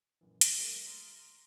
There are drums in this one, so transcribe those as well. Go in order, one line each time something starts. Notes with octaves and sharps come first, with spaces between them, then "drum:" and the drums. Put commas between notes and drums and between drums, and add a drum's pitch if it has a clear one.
A#1 F#2 E3
drum: hi-hat
F3 G3 A3 A#3
A#5 C6 D#6 F6 A6
A#5 C6